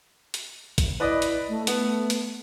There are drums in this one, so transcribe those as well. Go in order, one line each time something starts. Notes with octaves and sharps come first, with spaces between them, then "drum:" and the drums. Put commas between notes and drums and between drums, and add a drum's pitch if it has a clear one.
drum: hi-hat
drum: kick, hi-hat
E4 B4 D5 D#5
drum: hi-hat
A3
A3 B3, drum: hi-hat
drum: hi-hat